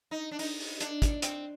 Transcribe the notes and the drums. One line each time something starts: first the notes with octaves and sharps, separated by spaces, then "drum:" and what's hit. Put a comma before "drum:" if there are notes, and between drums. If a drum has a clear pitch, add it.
D#4
D4
D#4, drum: open hi-hat
drum: open hi-hat
D4, drum: hi-hat
drum: kick, hi-hat
C4, drum: hi-hat